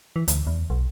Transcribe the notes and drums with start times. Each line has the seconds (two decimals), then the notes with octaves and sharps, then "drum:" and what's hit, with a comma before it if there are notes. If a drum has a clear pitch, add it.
0.16 E3
0.28 D2, drum: hi-hat
0.47 E2
0.70 B1